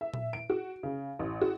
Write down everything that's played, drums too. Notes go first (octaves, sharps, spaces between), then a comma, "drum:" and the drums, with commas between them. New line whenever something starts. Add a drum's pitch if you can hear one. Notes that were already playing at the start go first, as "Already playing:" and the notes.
E5
drum: tom A#2
D7
F#4
C#3
A1
F#4